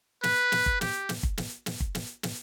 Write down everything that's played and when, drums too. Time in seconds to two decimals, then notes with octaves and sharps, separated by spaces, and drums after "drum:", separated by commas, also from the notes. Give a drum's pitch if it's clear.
0.23 B4, drum: snare
0.52 drum: snare
0.66 drum: kick
0.81 G4, drum: snare
1.09 drum: snare
1.23 drum: kick
1.38 drum: snare
1.66 drum: snare
1.80 drum: kick
1.95 drum: snare
2.23 drum: snare